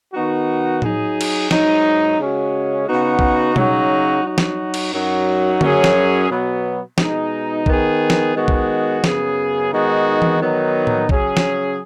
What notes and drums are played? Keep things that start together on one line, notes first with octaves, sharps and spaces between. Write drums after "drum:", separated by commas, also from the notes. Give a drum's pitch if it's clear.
D#3 B3 D#4 F#4
F#3 D#4 G#4, drum: tom A2
drum: cymbal
G#2 F#3 D#4, drum: snare
C#3 G#3 C#4 F#4
C#3 B3 D#4 F#4
drum: kick B1
C#3 F#3 D#4 F#4, drum: tom
F#3 D#4 F#4
drum: snare
drum: cymbal
F#2 F#3 D#4 F#4
F#2 F#3 C#4 G#4, drum: tom D3
drum: snare
B2 F#3 B3
B2 G#3 D#4, drum: snare
D#3 B3 G#4, drum: kick B1
drum: snare
D#3 G#3 B3 F#4
drum: kick B1
F#2 C#3 B3 G#4, drum: snare
D#3 G#3 B3 D#4 F#4
drum: tom E3
D#3 F#3 B3 D#4
drum: tom A2
C#3 F#3 C#4 G#4, drum: kick B1
drum: snare